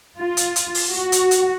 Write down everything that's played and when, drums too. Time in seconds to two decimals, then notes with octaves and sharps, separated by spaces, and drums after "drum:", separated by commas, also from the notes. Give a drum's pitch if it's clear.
0.18 F4
0.37 drum: hi-hat
0.56 drum: hi-hat
0.75 drum: open hi-hat
0.91 F#4
1.12 drum: hi-hat
1.31 drum: hi-hat